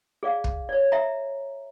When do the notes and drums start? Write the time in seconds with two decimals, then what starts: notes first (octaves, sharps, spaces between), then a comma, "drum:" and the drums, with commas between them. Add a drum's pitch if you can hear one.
0.23 G#4 D5 F5
0.44 drum: kick
0.69 C#5 D5
0.92 E5 A#5